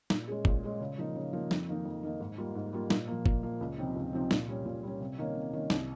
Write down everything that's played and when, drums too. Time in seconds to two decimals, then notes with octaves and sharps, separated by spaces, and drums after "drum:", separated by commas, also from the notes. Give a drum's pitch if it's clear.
0.10 A#2, drum: snare
0.28 G#3 C#4 G#4
0.45 A#2, drum: kick
0.63 G#3 C#4 G#4
0.80 C#3
0.98 F3 A#3 D#4
1.15 C#3
1.33 F3 A#3 D#4
1.51 F2, drum: snare
1.68 D#3 A#3 D#4
1.85 F2
2.03 D#3 A#3 D#4
2.20 G#2
2.38 G3 A#3 F4
2.55 G#2
2.73 G3 A#3 F4
2.90 A#2, drum: snare
3.07 F3 A#3
3.26 A#2, drum: kick
3.43 F3 A#3
3.61 C#2
3.78 C3 F3 C4 D#4
3.96 C#2
4.13 C3 F3 C4 D#4
4.31 A#2, drum: snare
4.48 G3 C#4
4.66 A#2
4.83 G3 C#4
5.01 C3
5.18 D#3 A#3 C#4
5.36 C3
5.53 D#3 A#3 C#4
5.70 C2, drum: snare